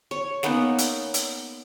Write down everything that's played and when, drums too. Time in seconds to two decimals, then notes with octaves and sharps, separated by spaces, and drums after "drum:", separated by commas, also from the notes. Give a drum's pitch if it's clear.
0.11 C#5
0.43 A#3 B3 C#4 D#4, drum: snare
0.78 drum: hi-hat
1.14 drum: hi-hat